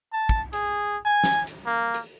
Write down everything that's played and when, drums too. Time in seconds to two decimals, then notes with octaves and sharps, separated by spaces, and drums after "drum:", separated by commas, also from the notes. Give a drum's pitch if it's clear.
0.12 A5
0.29 drum: kick
0.53 G#4, drum: hi-hat
1.05 G#5
1.24 drum: snare
1.47 drum: hi-hat
1.66 A#3
1.94 drum: hi-hat